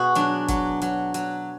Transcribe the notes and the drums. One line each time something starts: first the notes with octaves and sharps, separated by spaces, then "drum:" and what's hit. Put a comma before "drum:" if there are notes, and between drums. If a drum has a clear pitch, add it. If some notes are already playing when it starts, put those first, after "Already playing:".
Already playing: B2 F#4 G#4
F#3 D4, drum: hi-hat
F#3, drum: kick, hi-hat
F#3, drum: hi-hat
F#3, drum: hi-hat